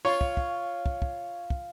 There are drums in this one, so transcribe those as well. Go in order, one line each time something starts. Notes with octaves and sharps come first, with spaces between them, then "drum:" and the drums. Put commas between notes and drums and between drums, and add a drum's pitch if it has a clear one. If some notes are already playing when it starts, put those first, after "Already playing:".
F4 C#5
drum: kick
drum: kick
drum: kick
drum: kick
drum: kick